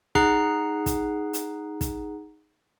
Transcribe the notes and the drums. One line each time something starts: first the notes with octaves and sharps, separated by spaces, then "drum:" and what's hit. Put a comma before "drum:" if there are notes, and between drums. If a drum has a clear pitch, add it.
D#4 G#4 F#5 A#5 F#6 C7, drum: kick
drum: kick, hi-hat
drum: hi-hat
drum: kick, hi-hat